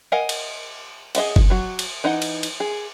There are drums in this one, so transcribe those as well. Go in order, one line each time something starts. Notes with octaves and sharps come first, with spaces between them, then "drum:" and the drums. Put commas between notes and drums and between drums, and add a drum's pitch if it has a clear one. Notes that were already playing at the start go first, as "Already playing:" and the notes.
A#4 D#5 F5 F#5 G#5
drum: cymbal
G#4 D#5 E5 F#5, drum: cymbal
drum: kick F#1
F#3 F#4
drum: cymbal
E3 D#4 D#5 F#5
drum: cymbal
drum: cymbal
G#4